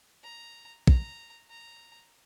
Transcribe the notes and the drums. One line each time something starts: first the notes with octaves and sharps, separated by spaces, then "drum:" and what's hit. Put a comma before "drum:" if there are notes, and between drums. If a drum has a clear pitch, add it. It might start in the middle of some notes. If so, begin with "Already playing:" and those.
A#5
A#5, drum: kick
A#5